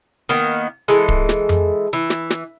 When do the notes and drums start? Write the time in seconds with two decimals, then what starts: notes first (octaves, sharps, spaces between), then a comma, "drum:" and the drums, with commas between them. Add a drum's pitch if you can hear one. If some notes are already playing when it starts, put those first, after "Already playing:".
0.29 D#3 A#3 B3
0.88 E3 G#3 A4 G#5
1.09 drum: kick D1
1.29 drum: snare
1.49 drum: tom F2
1.93 E3
2.10 drum: snare
2.30 drum: snare